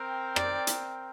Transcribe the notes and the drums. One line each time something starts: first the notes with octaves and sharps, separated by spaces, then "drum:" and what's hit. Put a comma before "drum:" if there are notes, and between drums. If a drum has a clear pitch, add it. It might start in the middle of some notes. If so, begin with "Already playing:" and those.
Already playing: C4 A#4 G5
D5, drum: rim click
drum: hi-hat